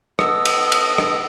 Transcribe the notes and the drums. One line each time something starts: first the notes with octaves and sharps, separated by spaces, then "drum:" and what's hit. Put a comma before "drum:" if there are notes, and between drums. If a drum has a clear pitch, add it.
B3 A4 D#5, drum: rim click
drum: cymbal
drum: cymbal
drum: rim click